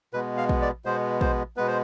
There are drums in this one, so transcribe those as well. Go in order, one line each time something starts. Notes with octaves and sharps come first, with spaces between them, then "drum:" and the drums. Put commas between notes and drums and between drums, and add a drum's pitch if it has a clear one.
B2 G#3 B3 B4
F5
drum: kick
D5
B2 G#3 B3 C5
C5, drum: kick
B2 G#3 B3 B4
C5